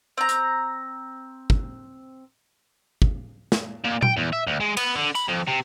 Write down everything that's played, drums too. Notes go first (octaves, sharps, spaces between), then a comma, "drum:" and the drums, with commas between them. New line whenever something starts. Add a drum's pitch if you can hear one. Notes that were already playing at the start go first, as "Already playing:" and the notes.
C4 A#5
drum: hi-hat
drum: kick
drum: kick
drum: snare
A#2
G5, drum: tom A#2
E2
E5
D2
G#3
B3, drum: cymbal
D3
B5, drum: tambourine
F2
C3